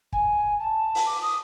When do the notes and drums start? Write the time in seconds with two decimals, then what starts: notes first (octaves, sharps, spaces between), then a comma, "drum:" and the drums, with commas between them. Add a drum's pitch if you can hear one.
0.13 G#5, drum: kick
0.59 A5
0.95 drum: open hi-hat
1.06 D6
1.22 D#6